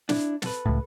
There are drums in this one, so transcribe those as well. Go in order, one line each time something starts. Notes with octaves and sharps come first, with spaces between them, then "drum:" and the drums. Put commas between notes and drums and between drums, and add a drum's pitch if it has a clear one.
D4 E4, drum: snare
A4 B4, drum: snare
C#2 A2